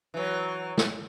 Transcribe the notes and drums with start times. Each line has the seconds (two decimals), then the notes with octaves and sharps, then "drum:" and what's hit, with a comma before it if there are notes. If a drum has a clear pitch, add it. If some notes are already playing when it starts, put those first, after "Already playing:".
0.14 E3 F#3
0.78 drum: snare